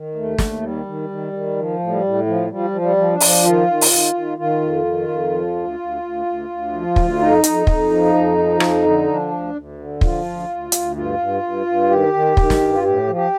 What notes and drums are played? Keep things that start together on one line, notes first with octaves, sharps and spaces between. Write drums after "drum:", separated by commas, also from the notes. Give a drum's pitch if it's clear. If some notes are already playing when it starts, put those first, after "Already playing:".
Already playing: D#3
D#2 A3
D#2, drum: snare
D#3 G3
D#3
D#3
D#3
F3
A2
G3
A2
F3
F3 G3
F3
G3
F3
D4
F3, drum: open hi-hat
D#3 F4
D#3
drum: open hi-hat
D#3
D#3
D#3 F4
F2
D#3
F2
F3
D2
D2
D2
D2
D2
F3
D2, drum: kick
F2 D#4
F2, drum: hi-hat
F2, drum: kick
F3
F2
F3
F2, drum: rim click
D3
F3 D4
D2
D2
D3
F3 F4, drum: kick
D2
D2
D2, drum: hi-hat
G2 F4
G2
G2
G2
D#3 G4
D#3
D#3, drum: kick
drum: snare
G2
F4
A2 G4
F3
G4